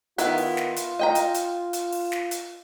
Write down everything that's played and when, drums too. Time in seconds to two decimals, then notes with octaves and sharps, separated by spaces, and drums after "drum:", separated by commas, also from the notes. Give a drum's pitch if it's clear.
0.18 D#3 B3 E4 F4, drum: hi-hat
0.38 drum: open hi-hat
0.57 drum: snare
0.76 drum: hi-hat
0.99 D#5 G5 A#5
1.15 drum: hi-hat
1.34 drum: hi-hat
1.73 drum: hi-hat
1.92 drum: open hi-hat
2.12 drum: snare
2.31 drum: hi-hat